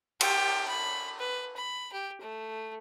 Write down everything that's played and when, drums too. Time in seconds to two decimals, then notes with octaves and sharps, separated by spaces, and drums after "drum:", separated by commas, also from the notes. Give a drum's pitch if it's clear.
0.21 G4, drum: cymbal
0.68 B5
1.20 B4
1.57 B5
1.93 G4
2.21 A3